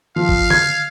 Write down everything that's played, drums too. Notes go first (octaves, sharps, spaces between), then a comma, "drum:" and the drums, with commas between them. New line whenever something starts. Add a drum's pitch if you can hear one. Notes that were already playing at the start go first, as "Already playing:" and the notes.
F3 F5
drum: kick G1
G#6, drum: tom D3